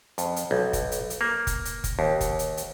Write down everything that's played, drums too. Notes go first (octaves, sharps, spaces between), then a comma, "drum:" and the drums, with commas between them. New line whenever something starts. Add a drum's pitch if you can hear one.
F2, drum: hi-hat
drum: hi-hat
B1
drum: kick F1, hi-hat
drum: hi-hat
drum: hi-hat
A#3
drum: kick F1, hi-hat
drum: hi-hat
drum: kick F1, hi-hat
D#2
drum: kick F1, hi-hat
drum: hi-hat
drum: hi-hat